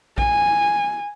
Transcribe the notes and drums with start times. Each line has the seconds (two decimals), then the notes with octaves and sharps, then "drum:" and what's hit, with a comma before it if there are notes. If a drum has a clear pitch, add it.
0.18 G#5, drum: kick A#1